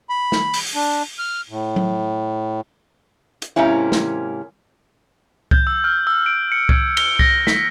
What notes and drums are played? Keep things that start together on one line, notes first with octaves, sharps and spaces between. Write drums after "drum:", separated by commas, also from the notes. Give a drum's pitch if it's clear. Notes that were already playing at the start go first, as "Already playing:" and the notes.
B5
drum: snare
drum: open hi-hat
D4
F6
A2
drum: tom F#3
drum: hi-hat
G#2 C3 A#3 C#4 E4
drum: snare
G6, drum: kick C2
E6
F6
E6
D7
C#7
G#6, drum: kick C2
G7, drum: cymbal
A#6, drum: kick C2
B6, drum: snare